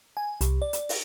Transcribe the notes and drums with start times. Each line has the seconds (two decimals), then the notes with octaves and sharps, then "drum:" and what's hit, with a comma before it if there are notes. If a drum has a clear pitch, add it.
0.17 G#5
0.41 C2, drum: hi-hat
0.62 D5
0.73 drum: hi-hat
0.89 drum: open hi-hat